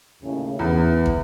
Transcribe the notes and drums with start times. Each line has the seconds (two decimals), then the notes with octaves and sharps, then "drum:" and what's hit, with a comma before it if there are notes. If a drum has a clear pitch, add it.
0.22 D#2 A2 C#3
0.59 E2 E4 B4
1.06 drum: kick